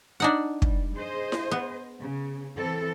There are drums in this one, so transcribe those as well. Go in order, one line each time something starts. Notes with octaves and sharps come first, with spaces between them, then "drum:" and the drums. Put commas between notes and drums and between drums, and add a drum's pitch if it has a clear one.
D4 D#4 F#5
G3, drum: kick
G#4 C5 D#5
drum: snare E4
B3
C#3
E3 C4 A4